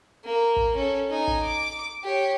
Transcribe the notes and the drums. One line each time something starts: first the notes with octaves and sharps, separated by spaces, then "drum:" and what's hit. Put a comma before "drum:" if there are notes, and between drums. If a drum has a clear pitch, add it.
A#3
drum: kick
C#4 A4
D#4 G#5
drum: kick
D6
G4 C#5